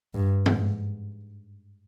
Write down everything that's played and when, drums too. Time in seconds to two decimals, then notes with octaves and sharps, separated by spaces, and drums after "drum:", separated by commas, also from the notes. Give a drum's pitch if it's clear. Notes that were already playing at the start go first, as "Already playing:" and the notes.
0.14 G2
0.46 G#2, drum: tom